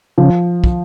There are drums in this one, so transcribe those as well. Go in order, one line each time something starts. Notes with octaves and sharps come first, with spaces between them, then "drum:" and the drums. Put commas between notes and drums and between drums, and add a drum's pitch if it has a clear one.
C#3 F3
drum: kick